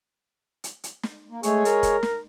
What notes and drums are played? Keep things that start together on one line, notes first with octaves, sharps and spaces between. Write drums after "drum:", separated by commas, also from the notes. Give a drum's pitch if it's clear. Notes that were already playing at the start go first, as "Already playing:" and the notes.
drum: hi-hat
drum: hi-hat
drum: snare
A#3
G#3 A3 G#4 C#5, drum: hi-hat
A#4, drum: hi-hat
drum: kick, hi-hat
drum: snare